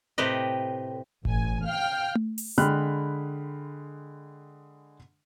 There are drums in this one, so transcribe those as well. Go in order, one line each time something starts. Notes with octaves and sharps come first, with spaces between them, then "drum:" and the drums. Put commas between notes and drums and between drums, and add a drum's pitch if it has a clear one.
A2 C3 G4 B4 D#5
A1 G#5, drum: kick G1
F5 G5 F6
drum: tom A3
drum: open hi-hat
D3 G#3 G5 B5 F6 F#6